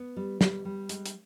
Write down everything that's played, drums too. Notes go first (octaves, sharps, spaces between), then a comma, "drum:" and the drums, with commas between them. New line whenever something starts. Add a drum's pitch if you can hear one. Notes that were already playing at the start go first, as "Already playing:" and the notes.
Already playing: B3
G3
G3, drum: snare
G3
G#3, drum: hi-hat
drum: hi-hat